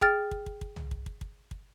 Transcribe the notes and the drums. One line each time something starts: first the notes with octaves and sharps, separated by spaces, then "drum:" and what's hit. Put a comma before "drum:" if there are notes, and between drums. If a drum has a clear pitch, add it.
G#4 G5 F6 A6, drum: kick
drum: kick
drum: kick
drum: kick
drum: tom C2
drum: kick
drum: kick
drum: kick
drum: kick